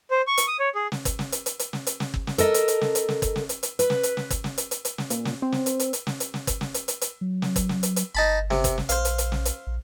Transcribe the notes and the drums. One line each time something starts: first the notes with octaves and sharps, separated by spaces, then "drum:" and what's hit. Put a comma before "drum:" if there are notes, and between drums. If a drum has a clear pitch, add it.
C5
C#6
drum: hi-hat
D#6
C#5
G#4
drum: snare
drum: kick G1, hi-hat
drum: snare
drum: hi-hat
drum: hi-hat
drum: hi-hat
drum: snare
drum: hi-hat
drum: snare
drum: kick G1
drum: snare
A4 A#4 D#5, drum: hi-hat
drum: hi-hat
drum: hi-hat
drum: snare
drum: hi-hat
drum: snare
drum: kick G1, hi-hat
drum: snare
drum: hi-hat
drum: hi-hat
B4, drum: hi-hat
drum: snare
drum: hi-hat
drum: snare
drum: kick G1, hi-hat
drum: snare
drum: hi-hat
drum: hi-hat
drum: hi-hat
drum: snare
A#2, drum: hi-hat
drum: snare
C4
drum: snare
drum: hi-hat
drum: hi-hat
drum: hi-hat
drum: snare
drum: hi-hat
drum: snare
drum: kick G1, hi-hat
drum: snare
drum: hi-hat
drum: hi-hat
drum: hi-hat
F#3
drum: snare
drum: kick G1, hi-hat
drum: snare
drum: hi-hat
drum: hi-hat
G1 D#4 A5 B5
C3, drum: snare
drum: kick G1, hi-hat
drum: snare
A#1 C5 F5, drum: hi-hat
drum: hi-hat
drum: hi-hat
drum: snare
drum: hi-hat
A#1